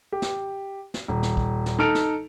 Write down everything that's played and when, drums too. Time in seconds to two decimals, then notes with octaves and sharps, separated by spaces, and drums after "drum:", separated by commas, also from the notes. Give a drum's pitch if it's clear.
0.12 G4
0.22 drum: snare
0.94 drum: snare
1.08 D#1
1.23 drum: snare
1.37 drum: kick
1.66 drum: snare
1.79 D#4 A4 F6 D7 F7
1.95 drum: snare